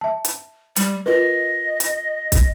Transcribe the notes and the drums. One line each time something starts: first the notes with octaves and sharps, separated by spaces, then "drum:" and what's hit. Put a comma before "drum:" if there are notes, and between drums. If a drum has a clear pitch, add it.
E5 A5
drum: hi-hat
G3, drum: hi-hat
F4 A#4 B4 D#5
drum: hi-hat
drum: kick, hi-hat